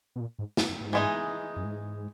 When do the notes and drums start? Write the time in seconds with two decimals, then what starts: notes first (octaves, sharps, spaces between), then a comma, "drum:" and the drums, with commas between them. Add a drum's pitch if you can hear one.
0.16 B2
0.20 A#2
0.39 G#2
0.57 F#2, drum: snare
0.69 F#2
0.81 G#2
0.93 E3 G#3 D#4
1.56 F#2
1.65 G#2